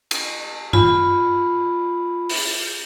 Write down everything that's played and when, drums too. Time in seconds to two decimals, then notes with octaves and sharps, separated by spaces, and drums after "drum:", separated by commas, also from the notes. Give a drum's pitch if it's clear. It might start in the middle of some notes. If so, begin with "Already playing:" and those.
0.11 drum: cymbal
0.73 F4 B5, drum: tom G2
2.30 drum: open hi-hat